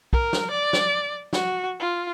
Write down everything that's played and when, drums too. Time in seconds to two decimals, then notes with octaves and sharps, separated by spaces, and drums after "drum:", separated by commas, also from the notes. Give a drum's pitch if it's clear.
0.13 A#4, drum: kick
0.33 drum: snare
0.50 D5
0.73 drum: snare
1.33 F#4, drum: snare
1.79 F4